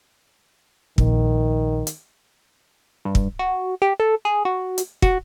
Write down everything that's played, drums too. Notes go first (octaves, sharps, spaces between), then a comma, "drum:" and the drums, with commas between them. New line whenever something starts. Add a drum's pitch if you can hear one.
A#1 D#3, drum: kick
drum: hi-hat
G2
drum: kick
F#4
G4
A4
G#4
F#4
drum: hi-hat
F#4, drum: kick